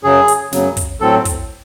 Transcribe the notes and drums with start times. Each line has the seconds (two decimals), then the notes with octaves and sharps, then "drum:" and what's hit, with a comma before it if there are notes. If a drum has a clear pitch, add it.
0.03 F#2 C#3 F#3 G#4
0.28 drum: hi-hat
0.52 F#2 C#3 F#3, drum: snare
0.77 drum: kick, hi-hat
1.01 A2 F#3 C4 A4
1.25 drum: kick, hi-hat